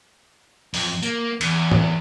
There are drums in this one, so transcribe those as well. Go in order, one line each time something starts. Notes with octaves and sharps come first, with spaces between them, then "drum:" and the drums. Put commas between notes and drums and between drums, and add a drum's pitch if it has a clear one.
F2, drum: open hi-hat
A#3, drum: tambourine
E2, drum: cymbal
drum: tom